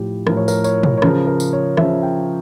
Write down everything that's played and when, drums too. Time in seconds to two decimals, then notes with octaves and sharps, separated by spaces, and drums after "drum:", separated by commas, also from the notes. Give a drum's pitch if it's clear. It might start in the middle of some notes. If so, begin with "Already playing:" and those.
Already playing: A2 F3 G4
0.27 A2 F3 A#4, drum: rim click
0.37 C#5
0.48 A#4, drum: tambourine
0.64 C#5, drum: tambourine
0.83 drum: tom
0.97 C#5
1.02 C#3 F3 A#4, drum: rim click
1.27 A#4
1.40 drum: tambourine
1.53 C#5
1.77 C#3 F3 E5, drum: rim click
2.03 G5